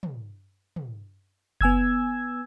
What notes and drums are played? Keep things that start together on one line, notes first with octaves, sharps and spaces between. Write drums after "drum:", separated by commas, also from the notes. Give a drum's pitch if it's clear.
drum: tom
drum: tom
B3 G#5 E6 G#6, drum: kick F#1